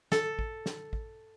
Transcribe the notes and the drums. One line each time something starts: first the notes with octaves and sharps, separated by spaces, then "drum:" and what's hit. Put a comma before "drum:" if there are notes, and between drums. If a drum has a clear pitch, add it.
A4, drum: snare
drum: kick A1
drum: snare
drum: kick A1